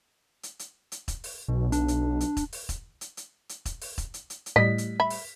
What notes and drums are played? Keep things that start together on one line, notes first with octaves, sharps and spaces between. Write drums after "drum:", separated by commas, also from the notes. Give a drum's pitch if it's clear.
drum: hi-hat
drum: hi-hat
drum: hi-hat
drum: kick E1, hi-hat
drum: open hi-hat
B1 B2
D4, drum: hi-hat
drum: hi-hat
drum: hi-hat
drum: kick E1, hi-hat
drum: open hi-hat
drum: kick E1, hi-hat
drum: hi-hat
drum: hi-hat
drum: hi-hat
drum: kick E1, hi-hat
drum: open hi-hat
drum: kick E1, hi-hat
drum: hi-hat
drum: hi-hat
drum: hi-hat
A2 G3 D#5 B6
drum: hi-hat
E5 B5
drum: open hi-hat